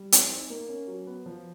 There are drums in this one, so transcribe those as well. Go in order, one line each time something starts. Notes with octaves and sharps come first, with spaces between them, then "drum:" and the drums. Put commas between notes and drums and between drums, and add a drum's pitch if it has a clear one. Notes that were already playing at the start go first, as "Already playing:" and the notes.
Already playing: G3
C4, drum: hi-hat
D#4
A#3
C#4
F#3
B3
F3